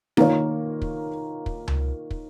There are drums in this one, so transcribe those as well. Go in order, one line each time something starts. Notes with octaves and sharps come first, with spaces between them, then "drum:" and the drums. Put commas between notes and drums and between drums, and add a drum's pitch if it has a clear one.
D#3 A#3 F4 A#4 C#5, drum: rim click
drum: kick
drum: kick
drum: tom C#2
drum: kick